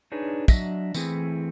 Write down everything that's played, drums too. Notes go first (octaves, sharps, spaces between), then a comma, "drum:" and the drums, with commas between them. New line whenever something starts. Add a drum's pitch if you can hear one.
D4 D#4 G#4 B4 C#5
F#3 D4 D#5 E5, drum: kick, tambourine
E3 A3 C4 E4 G#4, drum: tambourine